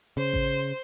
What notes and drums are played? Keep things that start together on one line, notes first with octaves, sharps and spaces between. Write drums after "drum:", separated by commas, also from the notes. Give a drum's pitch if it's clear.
C#3 C5
drum: kick A1